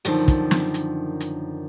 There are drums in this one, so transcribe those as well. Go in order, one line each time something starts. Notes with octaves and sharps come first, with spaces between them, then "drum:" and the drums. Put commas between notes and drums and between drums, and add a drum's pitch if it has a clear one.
F#2 D3 D#3 F3
drum: kick, hi-hat
drum: snare
drum: hi-hat
drum: hi-hat